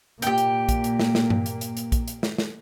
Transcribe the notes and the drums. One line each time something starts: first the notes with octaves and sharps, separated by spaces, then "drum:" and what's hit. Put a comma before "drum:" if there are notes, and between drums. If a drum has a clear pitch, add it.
A#2 A#3 G4 G5, drum: hi-hat
drum: hi-hat
drum: kick A#1, hi-hat
drum: hi-hat
drum: snare
drum: snare
drum: tom G2
drum: hi-hat
drum: hi-hat
drum: hi-hat
drum: kick A#1, hi-hat
drum: hi-hat
drum: snare
drum: snare